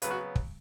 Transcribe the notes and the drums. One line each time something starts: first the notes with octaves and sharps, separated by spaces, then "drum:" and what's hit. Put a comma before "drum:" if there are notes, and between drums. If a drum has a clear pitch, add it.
C#3 F#3 B3 B4, drum: hi-hat
F#4
drum: kick